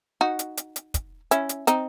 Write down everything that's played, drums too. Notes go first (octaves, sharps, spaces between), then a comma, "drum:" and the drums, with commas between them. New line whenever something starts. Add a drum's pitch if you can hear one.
D#4 F#4
drum: hi-hat
drum: hi-hat
drum: hi-hat
drum: kick, hi-hat
C#4 E4, drum: hi-hat
drum: hi-hat
C4 D#4, drum: hi-hat